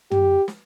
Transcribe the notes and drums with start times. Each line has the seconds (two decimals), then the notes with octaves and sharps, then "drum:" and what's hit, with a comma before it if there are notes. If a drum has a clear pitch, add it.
0.11 G4, drum: tom
0.48 drum: snare